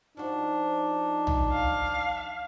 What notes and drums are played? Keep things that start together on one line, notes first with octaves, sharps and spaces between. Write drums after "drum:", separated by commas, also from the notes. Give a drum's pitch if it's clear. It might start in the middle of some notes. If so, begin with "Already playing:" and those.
F3 D4 D#4 F#4
drum: tom
F5